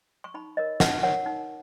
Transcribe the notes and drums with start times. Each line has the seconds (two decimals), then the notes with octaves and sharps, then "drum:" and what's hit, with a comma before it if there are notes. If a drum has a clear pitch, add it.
0.24 C#6
0.34 D#4 B5
0.57 A#4 C#5 D#5
0.80 D#4 F#5, drum: snare
1.03 A#4 C#5 F#5
1.26 D#4